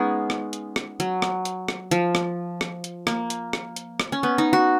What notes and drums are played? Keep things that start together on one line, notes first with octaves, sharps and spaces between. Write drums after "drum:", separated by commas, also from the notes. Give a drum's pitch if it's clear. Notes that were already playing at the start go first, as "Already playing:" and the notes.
Already playing: G#3 B3 C#4 D#4
drum: rim click
drum: hi-hat
drum: rim click
F#3, drum: hi-hat
drum: rim click
drum: hi-hat
drum: rim click
F3, drum: hi-hat
drum: rim click
drum: rim click
drum: hi-hat
A#3, drum: rim click
drum: hi-hat
drum: rim click
drum: hi-hat
drum: rim click
C#4
B3
D#4
F#4